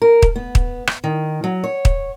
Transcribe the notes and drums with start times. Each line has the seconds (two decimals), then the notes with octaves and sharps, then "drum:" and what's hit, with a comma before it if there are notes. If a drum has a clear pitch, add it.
0.02 A#4
0.22 drum: kick
0.36 B3
0.55 drum: kick
0.87 drum: rim click
1.04 D#3
1.44 F#3
1.64 C#5
1.85 drum: kick